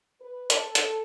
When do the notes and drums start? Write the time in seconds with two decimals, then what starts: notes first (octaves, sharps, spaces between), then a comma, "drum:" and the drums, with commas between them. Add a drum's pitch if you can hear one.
0.21 B4
0.50 A4, drum: hi-hat
0.75 drum: hi-hat